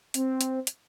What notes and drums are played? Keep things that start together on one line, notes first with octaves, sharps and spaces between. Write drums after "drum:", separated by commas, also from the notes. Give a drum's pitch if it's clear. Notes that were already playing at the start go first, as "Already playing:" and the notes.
C4, drum: hi-hat
drum: hi-hat
drum: hi-hat